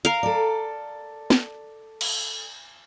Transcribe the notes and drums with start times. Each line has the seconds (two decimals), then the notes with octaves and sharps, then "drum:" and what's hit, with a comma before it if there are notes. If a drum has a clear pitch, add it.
0.05 A#4 F5, drum: hi-hat
0.23 A4 D5
1.30 drum: snare
2.01 drum: cymbal